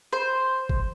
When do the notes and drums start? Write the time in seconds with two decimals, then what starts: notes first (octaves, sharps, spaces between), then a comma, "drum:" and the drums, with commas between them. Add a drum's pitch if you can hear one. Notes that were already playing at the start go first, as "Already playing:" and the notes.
0.13 C5
0.69 drum: kick G1